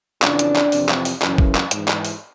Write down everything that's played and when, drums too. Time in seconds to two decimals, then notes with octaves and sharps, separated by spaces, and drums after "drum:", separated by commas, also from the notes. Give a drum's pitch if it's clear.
0.22 F2 C#3 E3 D4, drum: clap
0.39 drum: hi-hat
0.56 drum: clap
0.72 F2 C3 E3, drum: open hi-hat
0.89 drum: clap
1.05 drum: open hi-hat
1.22 F#2 C#3 E3, drum: clap
1.38 drum: kick
1.55 drum: clap
1.71 G#2, drum: hi-hat
1.76 E3
1.88 drum: clap
2.05 drum: open hi-hat